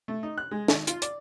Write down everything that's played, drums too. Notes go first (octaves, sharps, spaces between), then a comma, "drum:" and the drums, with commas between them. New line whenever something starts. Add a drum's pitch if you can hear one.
A3
D#4
F#6
G#3
G#1, drum: snare
F4, drum: hi-hat
D5, drum: hi-hat